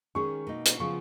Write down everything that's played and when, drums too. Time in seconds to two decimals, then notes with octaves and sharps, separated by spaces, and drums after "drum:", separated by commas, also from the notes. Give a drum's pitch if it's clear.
0.15 D#3 G#3 C#4 G#4 C#6
0.47 B2 A#3 D#4
0.66 drum: hi-hat
0.80 C#3 F3 B3 F4 C#6